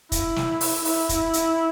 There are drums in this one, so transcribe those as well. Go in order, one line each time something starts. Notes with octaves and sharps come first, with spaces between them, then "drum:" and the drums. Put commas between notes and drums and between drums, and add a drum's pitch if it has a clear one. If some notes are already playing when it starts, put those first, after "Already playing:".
E4, drum: kick, hi-hat
drum: snare
drum: open hi-hat
E4, drum: open hi-hat
drum: kick, hi-hat
drum: hi-hat